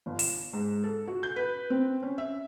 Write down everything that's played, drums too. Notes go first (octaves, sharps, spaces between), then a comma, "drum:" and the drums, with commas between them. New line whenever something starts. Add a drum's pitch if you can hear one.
G1
E7, drum: open hi-hat
G#2
A4
F#4
G6
B4
C4
C#4
E5